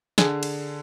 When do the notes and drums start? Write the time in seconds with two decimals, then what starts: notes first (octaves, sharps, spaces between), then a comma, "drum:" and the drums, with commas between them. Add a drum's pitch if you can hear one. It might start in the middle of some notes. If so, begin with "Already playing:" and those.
0.18 D3 G#4, drum: snare
0.43 drum: cymbal